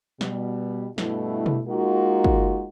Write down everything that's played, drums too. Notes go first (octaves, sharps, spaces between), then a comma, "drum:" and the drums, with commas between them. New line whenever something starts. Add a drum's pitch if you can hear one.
B2 G3, drum: snare
G2 B2 A3 E4, drum: snare
drum: tom B2
G#3 A#3 D#4 F4 F#4
drum: kick